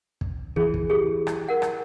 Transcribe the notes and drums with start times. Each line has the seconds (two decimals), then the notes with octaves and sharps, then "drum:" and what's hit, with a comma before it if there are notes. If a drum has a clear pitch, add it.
0.21 drum: kick
0.56 E3 G#4, drum: kick
0.74 drum: kick
0.90 G4 G#4
1.27 drum: rim click
1.49 A#4 F#5
1.62 drum: rim click